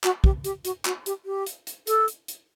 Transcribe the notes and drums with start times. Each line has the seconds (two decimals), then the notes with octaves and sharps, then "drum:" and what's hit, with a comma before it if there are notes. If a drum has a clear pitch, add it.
0.04 F#4, drum: clap
0.24 G4, drum: kick
0.44 G4, drum: hi-hat
0.65 F#4, drum: hi-hat
0.85 F#4, drum: clap
1.06 G4, drum: hi-hat
1.25 G4
1.46 drum: hi-hat
1.67 drum: hi-hat
1.87 A4, drum: hi-hat
2.08 drum: hi-hat
2.28 drum: hi-hat